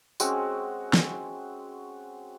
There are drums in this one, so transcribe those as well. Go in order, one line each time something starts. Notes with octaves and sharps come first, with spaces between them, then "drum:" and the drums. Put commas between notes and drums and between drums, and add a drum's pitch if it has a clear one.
G#3 C4 C#4 F#4, drum: tambourine
drum: snare